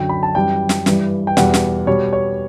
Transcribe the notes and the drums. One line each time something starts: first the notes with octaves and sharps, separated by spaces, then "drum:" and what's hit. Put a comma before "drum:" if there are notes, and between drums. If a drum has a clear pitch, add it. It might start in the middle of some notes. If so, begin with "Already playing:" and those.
Already playing: F#2 D3 F#3 G5
B5
A5
F#2 E3 G3 G5
drum: snare
G2 E3 G3, drum: snare
G5
E2 B2 G3 F#5, drum: snare
drum: snare
B2 G3 C#5
C#5